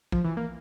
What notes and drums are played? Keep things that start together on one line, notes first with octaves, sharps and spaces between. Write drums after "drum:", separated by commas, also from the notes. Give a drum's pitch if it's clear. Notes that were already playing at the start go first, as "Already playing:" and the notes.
F3, drum: kick A#1
E3
A#3